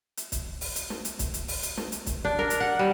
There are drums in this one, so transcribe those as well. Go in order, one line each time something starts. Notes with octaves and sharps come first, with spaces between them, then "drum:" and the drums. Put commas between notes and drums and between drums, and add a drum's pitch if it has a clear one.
drum: hi-hat
drum: kick, hi-hat
drum: open hi-hat
drum: hi-hat
drum: snare
drum: hi-hat
drum: kick, hi-hat
drum: hi-hat
drum: open hi-hat
drum: hi-hat
drum: snare
drum: hi-hat
drum: kick, hi-hat
D4
A#4
drum: hi-hat
F#5
G3